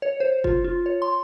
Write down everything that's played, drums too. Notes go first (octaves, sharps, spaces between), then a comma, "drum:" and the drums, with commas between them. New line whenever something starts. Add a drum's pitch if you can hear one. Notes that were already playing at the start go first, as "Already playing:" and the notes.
C#5
C5
F4, drum: kick F1
F4
C#5
C6